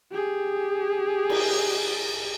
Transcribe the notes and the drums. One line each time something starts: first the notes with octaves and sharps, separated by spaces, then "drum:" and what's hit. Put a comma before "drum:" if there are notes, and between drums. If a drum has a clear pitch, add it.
G4 G#4
drum: cymbal